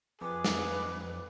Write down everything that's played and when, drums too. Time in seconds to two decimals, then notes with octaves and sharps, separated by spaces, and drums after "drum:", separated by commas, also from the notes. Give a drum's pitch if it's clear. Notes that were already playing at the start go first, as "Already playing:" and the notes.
0.21 F2 G#4 B4 D6
0.44 drum: snare